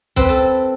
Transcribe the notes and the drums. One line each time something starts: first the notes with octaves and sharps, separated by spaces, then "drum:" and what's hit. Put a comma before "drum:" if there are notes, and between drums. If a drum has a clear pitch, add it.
C4 B4, drum: kick
A4